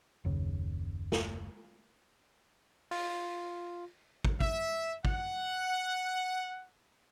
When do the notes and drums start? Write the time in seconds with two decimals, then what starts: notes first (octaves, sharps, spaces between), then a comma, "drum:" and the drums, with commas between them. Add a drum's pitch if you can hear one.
0.25 F#1 D#2 C#3
1.12 drum: snare
2.91 F4, drum: open hi-hat
4.25 drum: kick
4.40 E5, drum: kick
5.05 F#5, drum: kick